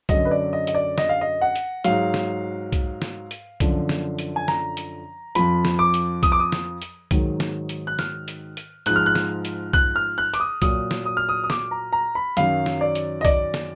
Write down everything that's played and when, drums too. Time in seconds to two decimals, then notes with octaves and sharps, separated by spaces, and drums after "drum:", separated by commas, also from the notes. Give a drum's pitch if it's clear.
0.09 F#2 D3 F#3 D#5, drum: kick B1, hi-hat
0.25 B4
0.31 D5
0.53 D#5
0.67 D#5, drum: hi-hat
0.75 D5
0.98 D#5, drum: snare
1.09 F5
1.21 D#5
1.41 F#5
1.55 drum: hi-hat
1.84 G#2 F#3 F5, drum: hi-hat
2.14 drum: snare
2.72 drum: kick B1, hi-hat
3.02 drum: snare
3.31 drum: hi-hat
3.60 F#2 D3 F3, drum: kick B1, hi-hat
3.89 drum: snare
4.19 drum: hi-hat
4.36 G#5
4.48 A#5, drum: snare
4.77 drum: hi-hat
5.35 F2 F3 B5, drum: hi-hat
5.65 drum: snare
5.79 D6
5.94 drum: hi-hat
6.23 D#6, drum: kick B1, hi-hat
6.32 D6
6.40 D#6
6.52 drum: snare
6.82 drum: hi-hat
7.11 G#2 D#3 F#3, drum: kick B1, hi-hat
7.40 drum: snare
7.69 drum: hi-hat
7.87 F#6
7.99 F6, drum: snare
8.28 drum: hi-hat
8.57 drum: hi-hat
8.86 G#2 F3 F#6, drum: hi-hat
8.96 F6
9.06 F#6
9.15 drum: snare
9.45 drum: hi-hat
9.73 F#6, drum: kick B1, hi-hat
9.96 F6
10.18 F#6
10.34 D6, drum: hi-hat
10.40 D#6
10.62 A#2 F#3 D#6, drum: kick B1, hi-hat
10.91 drum: snare
11.06 D#6
11.17 F6
11.29 D#6
11.44 D#6
11.50 D6, drum: snare
11.71 A#5
11.93 A#5
12.15 B5
12.37 F#2 D#3 F#3 F5, drum: hi-hat
12.66 drum: snare
12.81 D5
12.95 drum: hi-hat
13.21 D#5
13.25 D5, drum: kick B1, hi-hat
13.54 drum: snare